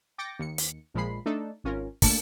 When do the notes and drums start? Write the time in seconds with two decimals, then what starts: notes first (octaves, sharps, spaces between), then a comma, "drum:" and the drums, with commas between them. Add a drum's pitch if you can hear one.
0.18 G5 D6 A6 A#6 C#7
0.39 D#2 C#7
0.58 drum: hi-hat
0.94 A#1 A#2 F3 G#3 B5 C7
1.26 A3 D4 D#4 A4
1.64 G#1 C#4 F4 A#4
2.02 A3 A#3 D4 A5 E7, drum: kick, open hi-hat